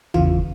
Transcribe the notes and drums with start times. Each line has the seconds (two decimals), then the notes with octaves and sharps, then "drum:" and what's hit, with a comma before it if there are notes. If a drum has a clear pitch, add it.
0.14 E2 C#3 E3 F4, drum: tom